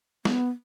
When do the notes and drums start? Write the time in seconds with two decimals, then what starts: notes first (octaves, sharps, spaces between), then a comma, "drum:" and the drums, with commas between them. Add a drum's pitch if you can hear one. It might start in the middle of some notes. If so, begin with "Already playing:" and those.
0.25 B3, drum: snare